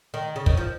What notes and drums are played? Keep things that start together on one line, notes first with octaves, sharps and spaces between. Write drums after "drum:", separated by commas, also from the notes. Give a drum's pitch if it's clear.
D#3
C#3
D#3, drum: kick
F3